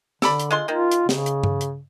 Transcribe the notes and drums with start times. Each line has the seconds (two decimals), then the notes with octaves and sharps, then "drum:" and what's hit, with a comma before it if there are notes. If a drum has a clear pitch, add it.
0.22 D3 A4 D5 B5, drum: snare
0.39 drum: hi-hat
0.51 G#3 F4 C6
0.68 D#3 A#3 F4
0.91 drum: hi-hat
1.09 C#3, drum: snare
1.26 drum: hi-hat
1.44 drum: tom G2
1.61 drum: hi-hat